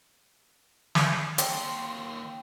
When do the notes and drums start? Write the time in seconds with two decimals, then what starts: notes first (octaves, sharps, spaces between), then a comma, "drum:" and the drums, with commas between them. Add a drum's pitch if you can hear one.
0.95 drum: snare
1.38 D#2 G5 A5 C6, drum: hi-hat